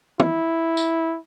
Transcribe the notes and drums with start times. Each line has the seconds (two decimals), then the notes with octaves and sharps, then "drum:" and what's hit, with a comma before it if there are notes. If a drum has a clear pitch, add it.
0.20 E4, drum: tom
0.77 drum: tambourine